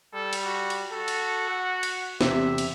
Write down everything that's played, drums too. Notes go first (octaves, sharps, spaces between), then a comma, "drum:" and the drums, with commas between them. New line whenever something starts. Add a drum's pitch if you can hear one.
G3 A4
drum: cymbal
F#4
drum: cymbal
F#4 A4
drum: cymbal
F#5
drum: cymbal
E2 C3 E5, drum: snare
drum: cymbal